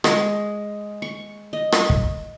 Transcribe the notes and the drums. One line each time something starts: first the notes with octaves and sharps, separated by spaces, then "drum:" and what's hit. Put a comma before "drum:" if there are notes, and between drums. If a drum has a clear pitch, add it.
G#3, drum: rim click
C#6
D#5
drum: rim click
drum: kick